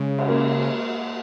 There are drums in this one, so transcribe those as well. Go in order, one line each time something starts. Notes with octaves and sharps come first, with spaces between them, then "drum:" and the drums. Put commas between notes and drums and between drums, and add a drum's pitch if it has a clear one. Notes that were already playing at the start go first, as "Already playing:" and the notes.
Already playing: C#3 G#3
drum: cymbal
A#3